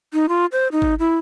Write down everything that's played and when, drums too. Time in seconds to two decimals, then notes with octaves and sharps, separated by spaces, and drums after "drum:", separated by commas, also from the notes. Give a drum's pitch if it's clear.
0.13 D#4
0.29 F4
0.52 C5
0.72 D#4
0.82 drum: kick G#1
0.99 E4